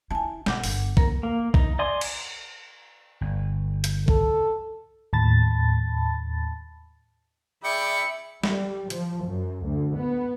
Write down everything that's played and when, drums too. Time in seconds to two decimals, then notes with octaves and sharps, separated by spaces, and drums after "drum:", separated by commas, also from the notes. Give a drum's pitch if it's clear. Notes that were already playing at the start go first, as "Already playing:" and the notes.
0.11 E4 G#5 A5
0.46 B2 B3 F#5 D6 G6, drum: snare
0.64 G1, drum: open hi-hat
0.97 C#2 D#3 A#3 A#4, drum: kick A#1
1.23 A#3
1.54 D#4, drum: kick A#1
1.79 D5 D#5 G#5 C6 D#6
2.01 drum: cymbal
3.21 G1
3.84 drum: hi-hat
4.08 A4, drum: kick A#1
5.13 D#2 A2 A5 B5 A6
7.64 G#4 D5 E5 G5 B5 C#7
8.44 G3, drum: snare
8.90 F3, drum: hi-hat
9.24 F#2
9.64 D2
9.96 B3